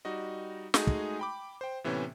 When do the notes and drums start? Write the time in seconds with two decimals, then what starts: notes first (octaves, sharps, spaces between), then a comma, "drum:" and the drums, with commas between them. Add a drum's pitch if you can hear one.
0.05 G3 D#4 F#4 D#5
0.74 G#3 A3 D#4 F#4 G#4, drum: snare
0.87 drum: kick
1.19 G5 B5 D6
1.61 C5 G5
1.84 A2 C3 E3 B3 C#4